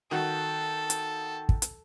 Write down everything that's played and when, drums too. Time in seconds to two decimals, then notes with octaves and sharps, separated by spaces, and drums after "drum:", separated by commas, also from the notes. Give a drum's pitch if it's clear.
0.11 D#3 F#4 A4 F#6
0.90 drum: hi-hat
1.49 drum: kick
1.62 drum: hi-hat